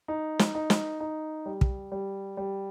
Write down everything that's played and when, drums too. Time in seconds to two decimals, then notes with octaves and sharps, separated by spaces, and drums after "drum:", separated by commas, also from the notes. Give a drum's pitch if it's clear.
0.08 D#4
0.39 drum: snare
0.55 D#4
0.70 drum: snare
1.00 D#4
1.46 G3
1.61 drum: kick
1.92 G3
2.37 G3